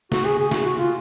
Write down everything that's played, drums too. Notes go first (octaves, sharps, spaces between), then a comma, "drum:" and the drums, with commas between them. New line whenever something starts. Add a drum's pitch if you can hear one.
F#4, drum: snare
G#4
G#4
F#4, drum: snare
F#4
F4